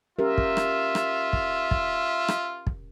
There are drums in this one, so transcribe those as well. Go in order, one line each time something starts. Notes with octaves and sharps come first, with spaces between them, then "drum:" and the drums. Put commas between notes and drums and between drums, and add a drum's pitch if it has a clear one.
C#4 F4 G4 A#4 E5
drum: kick
drum: rim click
drum: rim click
drum: kick
drum: kick
drum: rim click
drum: kick